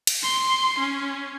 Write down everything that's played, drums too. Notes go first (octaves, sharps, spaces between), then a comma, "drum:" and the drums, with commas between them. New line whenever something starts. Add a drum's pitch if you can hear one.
drum: cymbal
C6
C#4